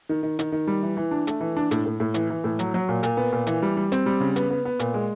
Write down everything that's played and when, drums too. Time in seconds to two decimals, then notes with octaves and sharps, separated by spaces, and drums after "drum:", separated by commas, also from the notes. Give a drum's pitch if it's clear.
0.09 D#3
0.23 D#3
0.39 D#3, drum: hi-hat
0.52 D#3
0.67 G3
0.83 E3
0.97 E3
1.11 D4
1.27 A3, drum: hi-hat
1.41 E3
1.57 D4
1.71 A2, drum: hi-hat
1.86 A2
2.00 A2
2.14 E3, drum: hi-hat
2.30 E3
2.44 A2
2.59 F#3, drum: hi-hat
2.74 F#3
2.89 A#2
3.03 A#2, drum: hi-hat
3.17 B3
3.33 A#2
3.47 E3, drum: hi-hat
3.63 G3
3.77 G3
3.92 C4, drum: hi-hat
4.06 G3
4.20 C#3
4.36 B3, drum: hi-hat
4.51 B3
4.65 B3
4.79 A#2, drum: hi-hat
4.94 G#3